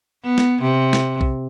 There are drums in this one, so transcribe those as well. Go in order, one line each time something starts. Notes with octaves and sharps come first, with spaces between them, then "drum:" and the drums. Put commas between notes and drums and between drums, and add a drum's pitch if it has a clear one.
B3
drum: snare
C3
drum: snare
drum: kick B1